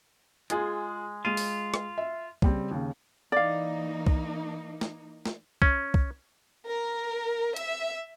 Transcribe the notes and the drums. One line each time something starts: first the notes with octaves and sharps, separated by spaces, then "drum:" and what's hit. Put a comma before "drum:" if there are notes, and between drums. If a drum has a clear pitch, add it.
G#3 F4 G#4, drum: hi-hat
G#3 F4 D#7
drum: open hi-hat
drum: rim click
E5
C#3 G3 C4, drum: kick
D#2 C#3
E3 A#3 D#4 D5 F5
drum: kick
drum: snare
drum: snare
C#4, drum: kick
drum: kick
A#4
E5, drum: hi-hat